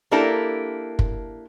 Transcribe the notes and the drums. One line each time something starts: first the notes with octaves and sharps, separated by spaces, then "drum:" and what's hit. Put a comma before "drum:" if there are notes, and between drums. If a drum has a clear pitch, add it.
A#3 D4 E4 G4 A4 A#4
drum: kick